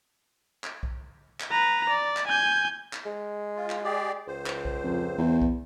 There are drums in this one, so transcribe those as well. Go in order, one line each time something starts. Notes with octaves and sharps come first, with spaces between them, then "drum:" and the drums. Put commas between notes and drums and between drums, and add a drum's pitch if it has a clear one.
drum: clap
drum: kick B1
drum: clap
B4 A#5
D5
drum: clap
G#5 G6
drum: clap
G#3
F4
drum: clap
G4 G#4 D5
C#2 C5
drum: clap
drum: kick B1
F2
E2
drum: kick B1